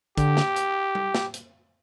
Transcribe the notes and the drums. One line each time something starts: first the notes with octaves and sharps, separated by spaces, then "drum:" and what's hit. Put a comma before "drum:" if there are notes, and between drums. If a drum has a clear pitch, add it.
D3 G4, drum: kick, hi-hat
drum: snare
drum: hi-hat
drum: tom G3
drum: snare
drum: hi-hat